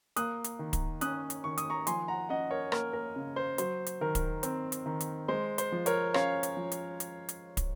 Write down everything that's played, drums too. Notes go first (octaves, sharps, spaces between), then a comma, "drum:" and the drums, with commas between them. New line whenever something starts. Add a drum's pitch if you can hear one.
A#3 D#6 F#6, drum: hi-hat
drum: hi-hat
D#3
drum: kick, hi-hat
C#4 D#6 F#6, drum: hi-hat
drum: hi-hat
D#3 C#6
D#6, drum: hi-hat
A#5 C#6
F3 G#5 C6, drum: hi-hat
F#5 A#5
C#4 D#5 F#5
A#4 C#5
A#3 A#4, drum: rim click
A#4
C#3
C5
F#3 C5, drum: hi-hat
drum: hi-hat
D#3 A#4
drum: kick, hi-hat
C4, drum: hi-hat
drum: hi-hat
D#3
drum: hi-hat
G#3 C5
C5, drum: hi-hat
F3
A#4 C#5, drum: hi-hat
C#4 C#5 F5, drum: rim click
drum: hi-hat
F3
drum: hi-hat
drum: hi-hat
drum: hi-hat
drum: kick, hi-hat